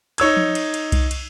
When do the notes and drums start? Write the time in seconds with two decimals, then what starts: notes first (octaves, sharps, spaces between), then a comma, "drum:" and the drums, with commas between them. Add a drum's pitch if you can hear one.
0.18 D#4 C#5 E6 G#6, drum: cymbal
0.37 drum: tom F3
0.55 drum: cymbal
0.74 drum: cymbal
0.92 drum: kick C2, cymbal
1.11 drum: cymbal